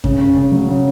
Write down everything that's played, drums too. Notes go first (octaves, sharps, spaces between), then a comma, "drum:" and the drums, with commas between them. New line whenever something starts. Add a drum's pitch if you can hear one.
C#3, drum: kick F#2
C#4
C#3
F#3
C#3